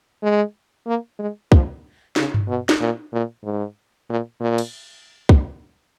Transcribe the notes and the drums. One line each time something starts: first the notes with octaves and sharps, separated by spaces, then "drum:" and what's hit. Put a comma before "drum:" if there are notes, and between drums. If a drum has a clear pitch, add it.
G#3
A#3
G#3
F3, drum: kick
C#3, drum: snare
drum: tom G2
B2
drum: snare
A#2
A#2
G#2
A#2
A#2
drum: cymbal
drum: kick